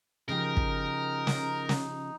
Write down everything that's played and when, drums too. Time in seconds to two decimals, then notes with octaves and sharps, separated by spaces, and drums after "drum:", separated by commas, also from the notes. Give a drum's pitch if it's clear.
0.29 C#3 F3 D#4 G4 A#4
0.57 drum: kick
1.27 drum: snare
1.69 drum: snare